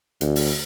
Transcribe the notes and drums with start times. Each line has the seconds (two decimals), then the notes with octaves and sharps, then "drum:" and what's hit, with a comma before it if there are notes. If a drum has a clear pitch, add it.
0.21 D2, drum: hi-hat
0.36 drum: open hi-hat